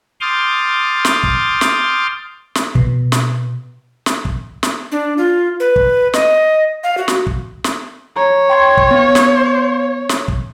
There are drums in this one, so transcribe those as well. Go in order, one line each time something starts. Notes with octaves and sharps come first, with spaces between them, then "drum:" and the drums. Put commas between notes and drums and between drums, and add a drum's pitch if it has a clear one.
C6 D6 D#6 F6 G6 A6
drum: snare
drum: kick
drum: snare
drum: snare
B2, drum: kick
drum: snare
drum: snare
drum: kick
drum: snare
D4
F4
B4
drum: kick
D#5, drum: snare
F5
F#4
drum: snare
drum: kick
drum: snare
C#5 A#5
G5 C6 G#6
drum: kick
B3
drum: snare
drum: snare
drum: kick